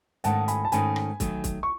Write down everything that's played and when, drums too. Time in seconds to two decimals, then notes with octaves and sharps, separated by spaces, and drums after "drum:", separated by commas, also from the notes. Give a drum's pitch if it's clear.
0.24 G#2 D#3 A3 C#4 F#5 A5, drum: hi-hat
0.48 G#5 B5, drum: hi-hat
0.65 A5
0.72 G#2 D#3 A3 C#4 G#5 B5, drum: hi-hat
0.96 drum: rim click
1.20 D#3 F#3 A3, drum: kick, hi-hat
1.44 drum: kick, hi-hat
1.63 C#6